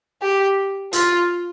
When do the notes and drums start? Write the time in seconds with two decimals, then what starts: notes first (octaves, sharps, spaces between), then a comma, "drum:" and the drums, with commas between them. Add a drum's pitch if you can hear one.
0.21 G4
0.93 F4, drum: hi-hat